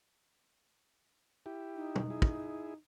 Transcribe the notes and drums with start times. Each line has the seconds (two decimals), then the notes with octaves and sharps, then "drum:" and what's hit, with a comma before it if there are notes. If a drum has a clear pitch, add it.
1.46 E4 G4
1.76 D#4
1.95 drum: tom
2.10 E4 G#4
2.22 drum: kick